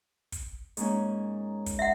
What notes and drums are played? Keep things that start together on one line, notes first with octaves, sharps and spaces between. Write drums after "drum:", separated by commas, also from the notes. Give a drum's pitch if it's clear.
drum: kick, hi-hat
G#2 A#3 C#4, drum: hi-hat
drum: kick, hi-hat
E5 F#5